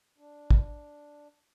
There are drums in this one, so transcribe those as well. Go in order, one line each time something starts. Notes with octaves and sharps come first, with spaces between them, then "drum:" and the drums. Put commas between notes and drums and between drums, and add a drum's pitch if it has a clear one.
D4
drum: kick